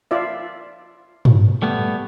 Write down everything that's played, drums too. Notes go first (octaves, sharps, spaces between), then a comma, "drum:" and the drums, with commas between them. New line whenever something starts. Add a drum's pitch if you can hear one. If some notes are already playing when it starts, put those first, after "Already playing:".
F4 D5 E5
drum: tom G2
G3 A3 B3